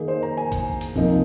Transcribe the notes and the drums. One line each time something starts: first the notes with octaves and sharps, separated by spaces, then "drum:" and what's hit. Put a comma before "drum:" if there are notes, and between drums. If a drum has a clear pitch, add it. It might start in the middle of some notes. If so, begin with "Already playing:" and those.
Already playing: D#3 A#3 D#4 G#4
C5
A#5
G#5
drum: kick G#1, hi-hat
drum: hi-hat
C3 F3 A#3 D#4, drum: kick G#1